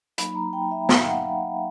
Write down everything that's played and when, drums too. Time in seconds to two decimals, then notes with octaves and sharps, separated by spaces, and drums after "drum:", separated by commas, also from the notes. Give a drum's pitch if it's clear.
0.18 F#3 A#3 D#4 B5, drum: hi-hat
0.35 A#5
0.53 G5
0.71 E5
0.89 F5, drum: snare
1.07 F#5